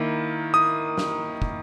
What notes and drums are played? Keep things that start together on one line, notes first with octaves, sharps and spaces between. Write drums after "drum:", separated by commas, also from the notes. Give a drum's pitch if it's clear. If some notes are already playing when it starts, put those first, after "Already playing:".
Already playing: D#3 A#3 E4
D#6
drum: snare
drum: kick